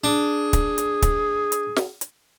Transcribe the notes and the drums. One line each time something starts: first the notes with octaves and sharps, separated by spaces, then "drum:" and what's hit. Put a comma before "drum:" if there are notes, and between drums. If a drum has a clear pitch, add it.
D4 G#4
drum: kick, hi-hat
drum: hi-hat
drum: kick, hi-hat
drum: hi-hat
drum: snare
drum: hi-hat